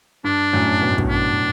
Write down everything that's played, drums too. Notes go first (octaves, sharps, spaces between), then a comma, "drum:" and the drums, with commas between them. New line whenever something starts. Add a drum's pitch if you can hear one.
G2 D4
F#2 A2
B2
A2
G2 B2, drum: kick
D4